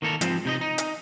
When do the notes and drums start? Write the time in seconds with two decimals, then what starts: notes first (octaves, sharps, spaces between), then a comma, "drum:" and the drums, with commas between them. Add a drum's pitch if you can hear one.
0.02 D#3 A#3 A4 A#4
0.21 G#2 F3 C4, drum: hi-hat
0.45 C3 D#4 D#5
0.61 D#4
0.78 drum: hi-hat